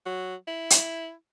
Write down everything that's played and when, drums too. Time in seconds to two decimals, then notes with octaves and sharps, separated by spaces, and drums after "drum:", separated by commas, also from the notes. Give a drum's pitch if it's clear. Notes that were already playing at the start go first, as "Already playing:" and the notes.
0.06 F#3
0.47 E4
0.70 drum: hi-hat